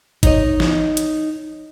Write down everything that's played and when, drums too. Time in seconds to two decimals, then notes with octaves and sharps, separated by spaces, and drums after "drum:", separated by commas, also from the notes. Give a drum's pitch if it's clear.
0.23 D#4 C#5 D#5, drum: kick, hi-hat
0.60 drum: snare
0.97 drum: hi-hat